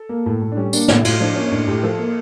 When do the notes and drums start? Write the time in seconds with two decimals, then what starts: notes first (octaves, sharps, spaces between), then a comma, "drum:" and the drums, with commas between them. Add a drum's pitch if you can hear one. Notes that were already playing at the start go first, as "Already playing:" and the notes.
Already playing: A4
0.09 A#3
0.26 A2
0.42 A2
0.52 D4
0.57 G3 C#4
0.73 A#3 D4, drum: tambourine
0.88 A2 E4, drum: snare
1.05 A2 F4, drum: cymbal
1.20 F3 D4
1.36 A#3 C#4
1.47 C#4
1.51 A2 D4
1.67 A2 G4
1.83 F3 A4
1.99 A#3